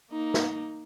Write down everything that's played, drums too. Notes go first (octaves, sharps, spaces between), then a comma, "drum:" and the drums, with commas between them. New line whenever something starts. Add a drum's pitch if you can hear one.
A#3 D#4
drum: snare